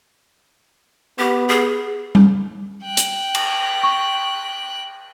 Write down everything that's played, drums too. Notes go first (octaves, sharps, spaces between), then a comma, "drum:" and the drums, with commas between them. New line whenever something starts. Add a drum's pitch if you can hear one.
B3 G4
G#4
drum: tom G3
G5 F#6
drum: hi-hat
drum: cymbal
C#6